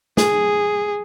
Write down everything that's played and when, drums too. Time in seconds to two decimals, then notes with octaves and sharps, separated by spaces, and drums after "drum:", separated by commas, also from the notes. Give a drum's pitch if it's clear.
0.17 G#4, drum: snare